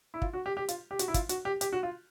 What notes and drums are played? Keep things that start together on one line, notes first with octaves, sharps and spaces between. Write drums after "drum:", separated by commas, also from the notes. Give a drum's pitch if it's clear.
E4
F4, drum: kick
F#4
G4
G4
F4, drum: hi-hat
G4
F#4, drum: hi-hat
E4
F4, drum: kick, hi-hat
F#4, drum: hi-hat
G4
G4, drum: hi-hat
F#4
F4